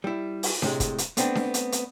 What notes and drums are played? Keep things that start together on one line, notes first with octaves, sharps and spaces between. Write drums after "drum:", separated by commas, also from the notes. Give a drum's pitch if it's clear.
G3 E4
drum: open hi-hat
A2 C3 G#3, drum: snare D4
drum: kick, hi-hat
drum: hi-hat
A3 B3 C4 D4, drum: hi-hat
drum: snare D4
drum: hi-hat
drum: hi-hat